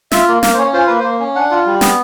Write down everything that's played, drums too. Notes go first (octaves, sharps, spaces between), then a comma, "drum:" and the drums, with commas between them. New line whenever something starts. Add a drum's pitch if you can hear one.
F4 E5, drum: snare
A#3
A#3 F5, drum: snare
C5
C#4 C#5
F4 C5
A#3 B4
A#3 C5
C#4
D4 F#5
F4
G3
B3, drum: snare